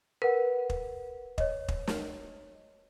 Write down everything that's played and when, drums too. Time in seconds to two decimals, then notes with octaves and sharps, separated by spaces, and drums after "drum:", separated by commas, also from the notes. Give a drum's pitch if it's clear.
0.22 A#4 B4 F#5
0.70 drum: kick
1.38 C#5 D#5, drum: kick
1.68 drum: kick
1.87 drum: snare